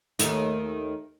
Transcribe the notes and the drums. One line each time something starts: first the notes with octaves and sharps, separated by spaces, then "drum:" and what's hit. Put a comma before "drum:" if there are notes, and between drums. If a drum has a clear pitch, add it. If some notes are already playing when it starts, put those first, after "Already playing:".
D#2 D#3 A3, drum: hi-hat